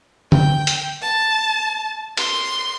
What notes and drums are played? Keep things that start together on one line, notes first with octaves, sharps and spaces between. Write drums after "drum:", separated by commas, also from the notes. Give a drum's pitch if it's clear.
G5, drum: tom
drum: hi-hat
A5
C6, drum: cymbal